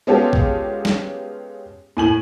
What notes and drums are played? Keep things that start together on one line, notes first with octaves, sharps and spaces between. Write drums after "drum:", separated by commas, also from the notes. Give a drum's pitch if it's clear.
G#3 B3 C#4 F4 G4 A4
drum: kick
drum: snare
A2 G#5 F#7